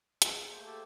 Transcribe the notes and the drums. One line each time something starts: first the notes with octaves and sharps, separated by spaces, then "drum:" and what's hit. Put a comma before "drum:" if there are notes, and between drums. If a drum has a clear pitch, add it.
G#4, drum: hi-hat
A3 A#3 C5
G4 A4